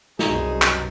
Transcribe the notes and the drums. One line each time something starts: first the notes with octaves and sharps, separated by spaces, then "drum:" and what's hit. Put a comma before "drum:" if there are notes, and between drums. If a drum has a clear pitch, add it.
C2 F#2 B2 D#4 F#4 G#4 A#5, drum: snare
drum: clap